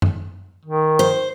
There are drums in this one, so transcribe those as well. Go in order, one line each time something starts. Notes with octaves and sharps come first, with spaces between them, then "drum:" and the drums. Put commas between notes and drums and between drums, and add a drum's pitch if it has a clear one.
drum: tom F#2
D#3
C5